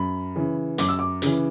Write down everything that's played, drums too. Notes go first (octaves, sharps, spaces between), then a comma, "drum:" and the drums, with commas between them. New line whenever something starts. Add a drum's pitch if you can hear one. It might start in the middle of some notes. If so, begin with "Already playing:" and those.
Already playing: F#2 B5
C#3 E3
F#2 D6, drum: hi-hat
E6
D6
C#3 E3, drum: hi-hat